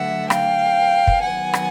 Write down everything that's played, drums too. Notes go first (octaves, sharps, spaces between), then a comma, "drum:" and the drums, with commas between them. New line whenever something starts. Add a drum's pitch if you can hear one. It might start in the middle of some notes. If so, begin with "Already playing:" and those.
Already playing: D3 F#3 A3 D4 E5 F#5
F5 G5, drum: rim click
drum: kick
D#3 F#3 B3 F#5 G#5
drum: rim click